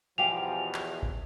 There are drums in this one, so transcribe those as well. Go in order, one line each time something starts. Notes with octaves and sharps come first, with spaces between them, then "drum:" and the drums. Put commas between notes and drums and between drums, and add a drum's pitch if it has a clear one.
E2 B2 F3 G4 F5 G#5 F7
drum: clap
drum: kick A1